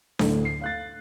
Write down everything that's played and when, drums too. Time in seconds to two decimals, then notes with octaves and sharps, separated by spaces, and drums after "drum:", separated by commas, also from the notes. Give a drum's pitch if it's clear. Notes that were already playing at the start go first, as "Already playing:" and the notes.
0.19 D2 A2 D3, drum: snare D4
0.45 C7
0.61 F5 F#6 A6